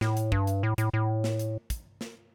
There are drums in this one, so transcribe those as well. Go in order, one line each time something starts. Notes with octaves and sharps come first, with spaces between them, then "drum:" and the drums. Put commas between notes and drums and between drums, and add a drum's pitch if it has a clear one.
A2, drum: snare
drum: hi-hat
G2, drum: kick
drum: hi-hat
A2
A2, drum: hi-hat
A2
drum: snare
drum: hi-hat
drum: kick, hi-hat
drum: snare